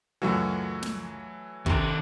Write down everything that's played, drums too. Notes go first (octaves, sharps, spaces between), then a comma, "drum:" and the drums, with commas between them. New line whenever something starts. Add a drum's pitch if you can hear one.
C#2 F#2 E3 F#3 A3 F#4
drum: snare
C3 D#3 A4 A5, drum: kick